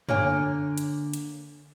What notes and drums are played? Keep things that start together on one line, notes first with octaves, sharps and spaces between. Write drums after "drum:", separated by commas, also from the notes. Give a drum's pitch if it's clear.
D3 A#3 C#5 G#5, drum: tom
drum: hi-hat
drum: hi-hat